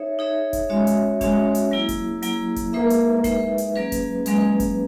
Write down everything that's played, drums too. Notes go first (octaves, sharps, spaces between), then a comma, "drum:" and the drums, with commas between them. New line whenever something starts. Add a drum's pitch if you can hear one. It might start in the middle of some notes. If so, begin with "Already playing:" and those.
Already playing: D#4 G#4 C#5 E5
D#4 G#4 C#5 E5
drum: kick E1, hi-hat
G#3 C#4 F#4 C#5 E5
drum: hi-hat
G#3 C#4 F#4 C#5 E5, drum: kick E1, hi-hat
drum: hi-hat
F#3 A#3 E4 G#4
drum: kick E1, hi-hat
F#3 A#3 E4 G#4, drum: hi-hat
drum: kick E1, hi-hat
G#3 A#3 D#4 G#4 B4 E5
drum: hi-hat
G#3 D#4 G#4 B4 E5, drum: kick E1, hi-hat
drum: hi-hat
F#3 A#3 C#4 G#4 B4
drum: kick E1, hi-hat
F#3 G#3 A#3 C#4 G#4 B4, drum: hi-hat
drum: kick E1, hi-hat